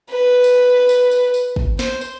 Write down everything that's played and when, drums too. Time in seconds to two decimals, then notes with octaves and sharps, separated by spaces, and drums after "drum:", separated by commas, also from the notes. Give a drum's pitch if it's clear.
0.10 B4
0.44 drum: tambourine
0.89 drum: tambourine
1.11 drum: tambourine
1.34 drum: tambourine
1.56 drum: kick G#1
1.79 C5, drum: snare
2.01 drum: tambourine